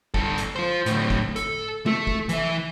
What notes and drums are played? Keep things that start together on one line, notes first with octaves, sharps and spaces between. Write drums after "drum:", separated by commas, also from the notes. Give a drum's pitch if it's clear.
G2 A4, drum: kick
drum: hi-hat
F4 C5
A2 D3, drum: hi-hat
drum: kick
A4, drum: hi-hat
A3 A4, drum: tom G#3
drum: kick
E3 E5, drum: hi-hat